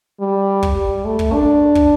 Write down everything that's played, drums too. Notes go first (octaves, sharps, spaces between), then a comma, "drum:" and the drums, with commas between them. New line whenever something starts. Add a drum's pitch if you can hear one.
G3
drum: kick
G3
A3
drum: kick
D4
drum: kick